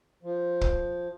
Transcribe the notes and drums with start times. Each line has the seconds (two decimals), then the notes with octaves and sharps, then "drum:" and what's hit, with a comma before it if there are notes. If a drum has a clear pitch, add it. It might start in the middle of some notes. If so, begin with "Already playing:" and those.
0.23 F3
0.61 drum: kick